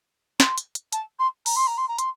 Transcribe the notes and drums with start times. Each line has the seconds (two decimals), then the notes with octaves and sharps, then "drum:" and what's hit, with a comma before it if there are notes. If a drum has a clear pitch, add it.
0.40 C6, drum: snare
0.58 drum: hi-hat
0.75 drum: hi-hat
0.93 A5, drum: hi-hat
1.19 C6
1.46 A#5, drum: open hi-hat
1.56 C6
1.67 A#5
1.78 C6
1.88 A#5
1.99 C6, drum: hi-hat